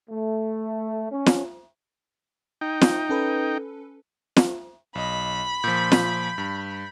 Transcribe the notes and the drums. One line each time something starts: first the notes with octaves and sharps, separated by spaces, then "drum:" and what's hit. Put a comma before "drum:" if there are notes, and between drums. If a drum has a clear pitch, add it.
A3
C#4
drum: snare
D#4 G5
drum: snare
C#4 A4 B4
drum: snare
B1 D#5 B5
A#2 F3 G6 B6
drum: snare
G2